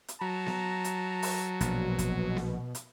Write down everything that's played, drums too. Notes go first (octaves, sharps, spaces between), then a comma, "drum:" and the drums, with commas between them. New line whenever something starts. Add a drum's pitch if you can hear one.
drum: hi-hat
F#3 A5 A#5
drum: snare B3
drum: hi-hat
drum: open hi-hat
A#1 B2, drum: hi-hat
drum: kick, hi-hat
drum: snare B3
drum: hi-hat